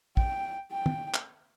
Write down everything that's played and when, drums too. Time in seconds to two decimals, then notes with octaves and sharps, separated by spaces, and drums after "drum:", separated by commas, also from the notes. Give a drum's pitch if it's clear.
0.17 G5, drum: kick
0.72 G5
0.86 drum: tom
1.14 drum: clap